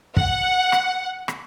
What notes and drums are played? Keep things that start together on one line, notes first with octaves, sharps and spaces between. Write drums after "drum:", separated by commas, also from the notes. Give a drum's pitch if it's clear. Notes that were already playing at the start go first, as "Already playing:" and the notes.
F#5, drum: kick
drum: rim click
drum: rim click